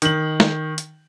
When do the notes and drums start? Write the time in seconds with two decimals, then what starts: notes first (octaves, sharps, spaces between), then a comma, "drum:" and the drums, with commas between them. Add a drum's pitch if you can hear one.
0.02 D#3 F#7, drum: hi-hat
0.40 drum: snare
0.78 drum: hi-hat